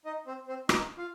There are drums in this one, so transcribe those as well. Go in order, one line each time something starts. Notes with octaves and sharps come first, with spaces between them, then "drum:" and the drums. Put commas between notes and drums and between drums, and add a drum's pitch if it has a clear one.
D#4 D#5
C4 C5
C4 C5
D#4 D#5, drum: rim click
F4 F5